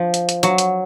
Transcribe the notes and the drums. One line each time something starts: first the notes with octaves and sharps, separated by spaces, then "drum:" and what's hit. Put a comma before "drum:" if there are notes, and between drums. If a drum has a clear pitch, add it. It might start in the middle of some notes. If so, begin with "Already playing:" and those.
Already playing: F3
drum: hi-hat
drum: hi-hat
F#3, drum: hi-hat
drum: hi-hat